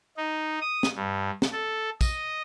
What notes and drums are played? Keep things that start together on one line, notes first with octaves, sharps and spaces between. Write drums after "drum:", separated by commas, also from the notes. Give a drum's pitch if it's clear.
D#4
D#6
drum: snare
G2
drum: snare
A4
D#5, drum: kick, tambourine